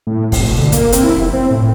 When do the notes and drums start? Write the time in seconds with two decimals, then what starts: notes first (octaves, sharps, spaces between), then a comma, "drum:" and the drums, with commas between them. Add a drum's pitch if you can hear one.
0.07 A2
0.32 F1, drum: kick, open hi-hat
0.44 B2
0.58 D3
0.72 A#3, drum: kick, hi-hat
0.92 C4, drum: hi-hat
1.04 E4
1.16 F1
1.33 C4
1.51 A2